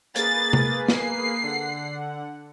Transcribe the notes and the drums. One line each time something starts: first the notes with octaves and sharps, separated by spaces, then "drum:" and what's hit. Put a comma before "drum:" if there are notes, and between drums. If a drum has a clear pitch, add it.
A#3 G#4 B4 A6, drum: hi-hat
drum: tom C3
C7, drum: snare
D3 F#5